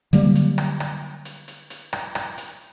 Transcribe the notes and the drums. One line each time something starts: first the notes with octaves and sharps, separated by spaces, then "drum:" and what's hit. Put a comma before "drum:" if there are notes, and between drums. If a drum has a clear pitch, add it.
D3 F#3 G3 A#3, drum: hi-hat
drum: hi-hat
drum: rim click
drum: rim click
drum: hi-hat
drum: hi-hat
drum: hi-hat
drum: rim click
drum: rim click
drum: hi-hat